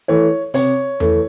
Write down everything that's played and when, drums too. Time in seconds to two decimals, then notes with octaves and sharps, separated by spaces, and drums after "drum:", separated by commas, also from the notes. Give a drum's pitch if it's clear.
0.08 E3 A3 C#5
0.54 C3 C#5, drum: hi-hat
1.00 E3 A3, drum: tom E2